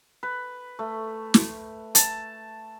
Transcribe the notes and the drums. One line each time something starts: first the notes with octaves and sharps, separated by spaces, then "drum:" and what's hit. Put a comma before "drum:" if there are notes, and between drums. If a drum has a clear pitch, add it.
B4
A3
drum: snare
A5, drum: hi-hat